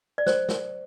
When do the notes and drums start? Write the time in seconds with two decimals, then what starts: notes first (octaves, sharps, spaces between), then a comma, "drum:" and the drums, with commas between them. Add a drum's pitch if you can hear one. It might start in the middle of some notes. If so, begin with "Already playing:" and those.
0.18 D5
0.26 C5, drum: snare
0.49 drum: snare